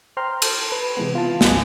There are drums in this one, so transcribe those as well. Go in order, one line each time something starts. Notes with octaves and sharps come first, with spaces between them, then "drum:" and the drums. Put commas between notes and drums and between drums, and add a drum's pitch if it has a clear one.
C5 G5 A#5 C6 F6
A5 G6, drum: cymbal
B4
C3 E3 G#3 B3
F4 A5
G#1 C#2 G#2 D#5 G#5 F#6, drum: snare